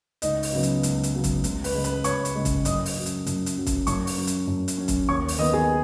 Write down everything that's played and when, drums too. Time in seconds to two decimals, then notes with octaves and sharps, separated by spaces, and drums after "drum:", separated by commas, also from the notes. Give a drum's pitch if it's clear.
0.22 C#2 D#4 D#5, drum: hi-hat
0.43 drum: open hi-hat
0.53 C#3 F#3 B3
0.63 drum: hi-hat
0.83 C#2, drum: hi-hat
1.03 drum: hi-hat
1.13 C#3 F#3 B3
1.24 drum: kick, hi-hat
1.44 C#2, drum: hi-hat
1.64 B4 B5, drum: open hi-hat
1.74 C#3 G#3
1.84 B4 B5, drum: hi-hat
2.04 C#2 C#5 C#6, drum: hi-hat
2.25 drum: hi-hat
2.35 C#3 G#3
2.45 drum: kick, hi-hat
2.65 F#2 D#5 D#6, drum: hi-hat
2.86 drum: open hi-hat
2.96 F#3 C#4
3.06 drum: hi-hat
3.26 F#2, drum: hi-hat
3.46 drum: hi-hat
3.56 F#3 C#4
3.66 drum: kick, hi-hat
3.87 F#2 C#5 C#6, drum: hi-hat
4.07 drum: open hi-hat
4.17 F#3 C#4
4.27 drum: hi-hat
4.47 F#2
4.68 drum: hi-hat
4.77 F#3 C#4
4.88 drum: kick, hi-hat
5.08 D#2 C#5 C#6
5.28 drum: open hi-hat
5.38 D#3 B3 D#5 D#6
5.53 G#4 G#5